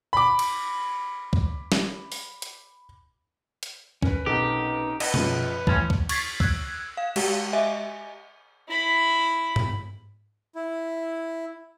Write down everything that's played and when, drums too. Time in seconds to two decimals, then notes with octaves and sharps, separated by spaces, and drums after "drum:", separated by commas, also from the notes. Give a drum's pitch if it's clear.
0.13 B5 D6
0.39 drum: cymbal
1.33 drum: kick C2
1.72 drum: snare
2.12 drum: open hi-hat
2.42 drum: hi-hat
3.63 drum: hi-hat
4.02 C#4 A#4 B4, drum: kick C2
4.26 B1 C3 D#4 G4 A4
5.00 B4 D#5, drum: cymbal
5.14 F#2 C#3 F3, drum: tom B2
5.67 A2 E3 C#4 G#5 C6 A6, drum: kick C2
5.90 drum: kick C2
6.09 C#6 G#6 A6 B6 C7, drum: cymbal
6.40 E6 F#6 G#6, drum: kick C2
6.97 F5
7.16 G#3 G4 F5, drum: cymbal
7.53 D#5 E5 G#5
8.69 E4 B5
9.56 drum: tom G#2
10.55 E4